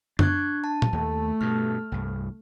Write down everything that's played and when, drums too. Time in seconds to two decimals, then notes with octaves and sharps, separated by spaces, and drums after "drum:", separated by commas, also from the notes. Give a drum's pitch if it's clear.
0.19 D4 C#6 F#6 G#6, drum: tom F#2
0.64 A5
0.82 drum: tom A#2
0.93 D#2 A3
1.41 G2 B2 F6
1.92 C2 G2